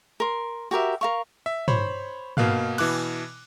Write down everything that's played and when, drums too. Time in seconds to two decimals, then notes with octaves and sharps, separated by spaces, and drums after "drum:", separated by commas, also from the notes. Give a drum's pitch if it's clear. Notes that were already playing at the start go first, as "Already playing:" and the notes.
0.20 A#4 C6
0.71 F#4 G4 A#4 E5
1.01 A#4 F5 C#6
1.46 E5
1.68 C5 C#5 B5, drum: tom
2.37 B2 A#3 F5 F#6, drum: tom
2.78 B2 E3 D6 F#6, drum: cymbal